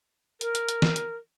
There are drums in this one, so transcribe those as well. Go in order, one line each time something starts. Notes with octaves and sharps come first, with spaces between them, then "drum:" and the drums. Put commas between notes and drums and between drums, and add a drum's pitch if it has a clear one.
A#4, drum: hi-hat
drum: hi-hat
drum: hi-hat
drum: snare
drum: hi-hat